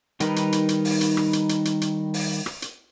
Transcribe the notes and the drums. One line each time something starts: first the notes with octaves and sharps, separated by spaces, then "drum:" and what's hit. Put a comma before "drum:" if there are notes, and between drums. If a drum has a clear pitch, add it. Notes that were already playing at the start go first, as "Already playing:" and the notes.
D#3 G3 D#4 A#4 B4, drum: hi-hat
drum: hi-hat
drum: hi-hat
drum: hi-hat
drum: open hi-hat
drum: hi-hat
drum: rim click
drum: hi-hat
drum: hi-hat
drum: hi-hat
drum: hi-hat
drum: open hi-hat
drum: rim click
drum: hi-hat